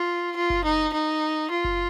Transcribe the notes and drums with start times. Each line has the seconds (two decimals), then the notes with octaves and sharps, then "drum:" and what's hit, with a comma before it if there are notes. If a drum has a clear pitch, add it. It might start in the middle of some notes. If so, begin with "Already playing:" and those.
Already playing: F4
0.36 F4
0.50 drum: kick F#1
0.64 D#4
0.93 D#4
1.51 F4
1.64 drum: kick F#1